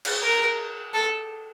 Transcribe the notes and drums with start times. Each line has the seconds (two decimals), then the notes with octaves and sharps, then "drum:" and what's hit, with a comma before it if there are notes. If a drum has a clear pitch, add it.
0.05 drum: cymbal
0.23 A#4
0.94 A4